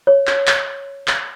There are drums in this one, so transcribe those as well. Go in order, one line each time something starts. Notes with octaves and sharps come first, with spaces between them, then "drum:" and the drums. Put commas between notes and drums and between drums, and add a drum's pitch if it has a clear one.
C#5
drum: clap
drum: clap
drum: clap